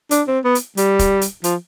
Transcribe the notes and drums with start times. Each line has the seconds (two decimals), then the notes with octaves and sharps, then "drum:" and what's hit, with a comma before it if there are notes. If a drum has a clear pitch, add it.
0.11 D4, drum: hi-hat
0.28 C4
0.44 B3
0.55 drum: hi-hat
0.77 G3, drum: hi-hat
0.99 drum: kick, hi-hat
1.21 drum: hi-hat
1.44 F3, drum: hi-hat